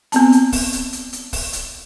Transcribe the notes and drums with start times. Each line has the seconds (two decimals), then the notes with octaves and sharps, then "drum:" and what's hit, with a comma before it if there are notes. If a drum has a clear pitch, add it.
0.12 B3 C4 A5, drum: hi-hat
0.32 drum: hi-hat
0.52 drum: kick, open hi-hat
0.72 drum: hi-hat
0.93 drum: hi-hat
1.13 drum: hi-hat
1.33 drum: kick, open hi-hat
1.53 drum: hi-hat